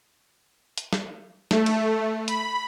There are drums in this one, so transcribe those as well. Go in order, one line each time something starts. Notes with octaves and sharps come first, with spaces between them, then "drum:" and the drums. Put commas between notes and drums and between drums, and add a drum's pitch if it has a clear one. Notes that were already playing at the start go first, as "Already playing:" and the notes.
drum: hi-hat
drum: snare
A3, drum: snare
drum: cymbal
B5, drum: hi-hat